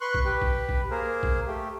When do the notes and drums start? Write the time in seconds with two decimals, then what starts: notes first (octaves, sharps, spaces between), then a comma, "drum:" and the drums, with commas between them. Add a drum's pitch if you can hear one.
0.01 B4 C6 C#6 F#6
0.14 drum: kick B1
0.25 G4 B4
0.42 drum: kick B1
0.69 drum: kick B1
0.91 A#3 G#4 A#4 C5
1.23 drum: kick B1
1.47 A3 G4